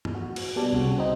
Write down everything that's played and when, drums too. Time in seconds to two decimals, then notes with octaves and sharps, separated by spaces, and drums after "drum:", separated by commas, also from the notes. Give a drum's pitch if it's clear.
0.05 drum: tom G2
0.15 F#4
0.36 drum: cymbal
0.56 B2 G3 D4
0.73 C2 C#3 F#4
0.98 C4 D#4